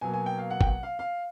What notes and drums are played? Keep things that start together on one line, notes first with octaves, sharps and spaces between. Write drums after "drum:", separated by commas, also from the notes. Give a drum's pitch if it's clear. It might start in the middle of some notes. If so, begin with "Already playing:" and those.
B2 F#3 A#3 G#5
G#5
G5
F5
F#5
G5, drum: kick
F#5
F5
F5